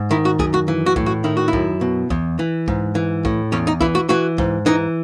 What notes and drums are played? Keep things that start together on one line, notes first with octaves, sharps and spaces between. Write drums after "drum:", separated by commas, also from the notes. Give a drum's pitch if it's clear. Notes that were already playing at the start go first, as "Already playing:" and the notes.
Already playing: G#2
D#3 E4
F#4
F#2 G#4, drum: kick
F#4
E3
F#4
A2, drum: kick
F#4
D#3 E4
F#4
E4
F#2, drum: kick
B2
E2, drum: kick
E3
G#2, drum: kick
E3
A2, drum: kick
E2 C#4
D#4
E3 E4, drum: kick
F#4
E3 F#4
G#2, drum: kick
E3 D#4